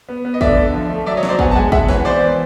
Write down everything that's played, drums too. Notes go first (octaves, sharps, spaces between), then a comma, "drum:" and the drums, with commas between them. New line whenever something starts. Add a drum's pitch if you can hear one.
B3
B3
D#5
D3 D5 E5, drum: kick
D3
F3
A3
F#3 D5 E5
C#5 D#5
F#3, drum: snare
C5 D5
B3 F#5 G#5, drum: kick
A5
G#3 F#5 G#5
G#3 E5 F#5, drum: kick
E3 B4 C#5, drum: snare
B3 C5 D5
E3